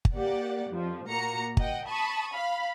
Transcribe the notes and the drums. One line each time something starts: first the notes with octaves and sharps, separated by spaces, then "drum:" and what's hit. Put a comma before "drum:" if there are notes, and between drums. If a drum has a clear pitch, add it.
drum: kick G1
A#3 G4 D5 F#5
F2 F3
A#2 A#3 F#4 A#5 C#7
D#5 F#5 G5, drum: kick G1
A5 B5 C#6 D#6
F5 B5